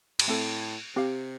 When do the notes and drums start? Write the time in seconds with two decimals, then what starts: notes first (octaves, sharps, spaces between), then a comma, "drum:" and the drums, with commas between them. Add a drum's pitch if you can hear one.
0.19 G2, drum: cymbal
0.28 A2 A3 C4 A4
0.96 C3 C4 G4 F5